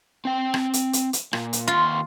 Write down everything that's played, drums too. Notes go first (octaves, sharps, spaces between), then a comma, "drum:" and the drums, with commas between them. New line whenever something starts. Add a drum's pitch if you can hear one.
C4 G5
drum: rim click
drum: hi-hat
drum: hi-hat
drum: hi-hat
A#2, drum: rim click
drum: hi-hat
D#2 F4 C6